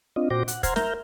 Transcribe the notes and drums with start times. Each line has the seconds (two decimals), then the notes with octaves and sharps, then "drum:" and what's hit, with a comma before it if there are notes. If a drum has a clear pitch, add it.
0.16 C4 D4 F4 D#5
0.30 A#2 F#4 C5 G5 D6 A#6
0.48 F#5, drum: hi-hat
0.63 C5 F#5 A#5 C6 F6 G#6, drum: kick, hi-hat
0.76 A#4 E5 A#5 F6 G6, drum: snare